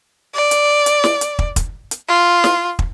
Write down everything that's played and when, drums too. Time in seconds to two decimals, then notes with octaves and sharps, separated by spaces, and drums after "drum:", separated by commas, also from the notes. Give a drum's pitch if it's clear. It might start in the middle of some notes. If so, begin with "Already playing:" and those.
0.35 D5
0.51 drum: hi-hat
0.86 drum: hi-hat
1.04 drum: snare
1.21 drum: hi-hat
1.39 drum: kick
1.56 drum: kick, hi-hat
1.91 drum: hi-hat
2.09 F4
2.44 drum: snare
2.79 drum: kick